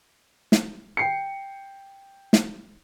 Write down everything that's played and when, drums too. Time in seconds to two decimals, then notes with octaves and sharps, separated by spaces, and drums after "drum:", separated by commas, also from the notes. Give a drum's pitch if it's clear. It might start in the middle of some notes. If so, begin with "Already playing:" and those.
0.52 drum: snare
0.97 G5 C7 C#7
2.33 drum: snare